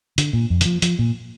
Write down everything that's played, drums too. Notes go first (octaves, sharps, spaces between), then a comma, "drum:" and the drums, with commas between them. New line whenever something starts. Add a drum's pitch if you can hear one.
D3, drum: hi-hat
A#2
F2
D3, drum: hi-hat
F3
F3, drum: hi-hat
A#2